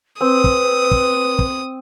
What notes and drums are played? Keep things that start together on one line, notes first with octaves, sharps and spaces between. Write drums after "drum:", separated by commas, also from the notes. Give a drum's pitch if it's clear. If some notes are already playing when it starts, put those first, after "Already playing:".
C4 B4 D#6
drum: kick
drum: kick
drum: kick